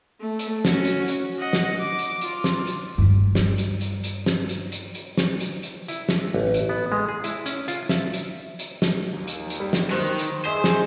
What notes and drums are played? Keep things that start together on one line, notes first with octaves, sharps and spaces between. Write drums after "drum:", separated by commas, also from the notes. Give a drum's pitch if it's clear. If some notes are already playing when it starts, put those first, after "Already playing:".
A3
drum: hi-hat
C#4 F#4, drum: snare
drum: hi-hat
drum: hi-hat
D#5 F#5
drum: snare
D6
drum: hi-hat
F4, drum: hi-hat
drum: snare
drum: hi-hat
G2 G3
drum: snare
drum: hi-hat
drum: hi-hat
drum: hi-hat
drum: snare
drum: hi-hat
drum: hi-hat
drum: hi-hat
drum: snare
drum: hi-hat
drum: hi-hat
E4, drum: hi-hat
drum: snare
A1
drum: hi-hat
B3
G#3
G#4
E4, drum: hi-hat
C#4, drum: hi-hat
F4, drum: hi-hat
E5, drum: snare
drum: hi-hat
drum: hi-hat
drum: snare
D#2
drum: hi-hat
drum: hi-hat
G3
drum: snare
D#3 C5 F#6
drum: hi-hat
G#4 C5 D#5 E5
drum: snare